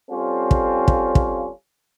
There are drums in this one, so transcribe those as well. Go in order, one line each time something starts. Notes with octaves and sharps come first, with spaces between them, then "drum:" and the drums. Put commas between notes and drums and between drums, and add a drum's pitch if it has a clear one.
G3 C4 C#4 F4 A4
drum: kick
drum: kick
drum: kick